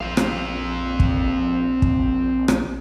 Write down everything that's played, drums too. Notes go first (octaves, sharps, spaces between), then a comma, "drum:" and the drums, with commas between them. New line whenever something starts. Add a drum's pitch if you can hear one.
A#1 C4 F5
drum: rim click
drum: kick
drum: kick
drum: rim click